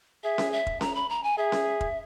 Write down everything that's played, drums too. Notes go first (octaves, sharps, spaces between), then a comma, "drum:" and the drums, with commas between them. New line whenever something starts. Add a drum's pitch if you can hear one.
G#4 E5
drum: snare C#4
E5
drum: kick
A#5, drum: snare C#4
B5
A#5
G#5
G#4 E5
drum: snare C#4
drum: kick